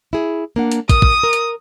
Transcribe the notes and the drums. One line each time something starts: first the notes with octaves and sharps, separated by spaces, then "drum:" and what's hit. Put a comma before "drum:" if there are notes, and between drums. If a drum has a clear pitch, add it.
E4 G#4
A#3 D4 F#5
drum: hi-hat
A#4 D#6, drum: kick, hi-hat
drum: kick
A#4
drum: hi-hat